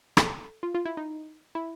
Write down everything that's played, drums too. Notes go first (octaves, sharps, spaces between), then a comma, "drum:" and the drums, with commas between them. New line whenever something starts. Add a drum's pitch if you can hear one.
A4, drum: rim click
F4
F4
E4
D#4
E4